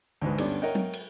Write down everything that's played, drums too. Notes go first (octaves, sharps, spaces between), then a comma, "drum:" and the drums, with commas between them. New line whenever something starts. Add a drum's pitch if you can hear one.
D2 G#2 B4
G2 D3 G3 B3 C#4 D4, drum: cymbal
A#4 C#5 D#5 E5 F#5 G5
drum: tom F#3
drum: cymbal